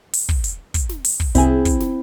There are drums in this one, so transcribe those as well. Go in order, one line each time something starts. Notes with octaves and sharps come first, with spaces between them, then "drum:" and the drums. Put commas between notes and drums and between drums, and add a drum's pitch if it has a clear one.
drum: open hi-hat
drum: kick
drum: hi-hat
drum: kick, hi-hat
drum: snare
drum: open hi-hat
drum: kick
C2 C4 E4 G#4, drum: hi-hat
drum: kick, hi-hat
drum: snare